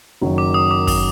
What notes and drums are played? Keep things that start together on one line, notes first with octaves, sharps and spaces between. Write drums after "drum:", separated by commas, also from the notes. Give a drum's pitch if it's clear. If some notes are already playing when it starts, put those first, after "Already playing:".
F#1 F#2 D#3 F#3
D6
D#6
D6
D#6, drum: kick, open hi-hat